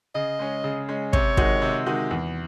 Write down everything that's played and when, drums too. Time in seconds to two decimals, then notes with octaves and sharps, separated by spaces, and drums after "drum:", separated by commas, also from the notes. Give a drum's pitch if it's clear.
0.15 C#3 D#5
0.39 G#3 C#4
0.64 C#3
0.89 G#3 C#4
1.13 C3 C#5, drum: kick
1.37 D#3 G#3 D#4 F#4, drum: kick
1.62 C3
1.86 D#3 G#3 D#4 F#4
2.11 E2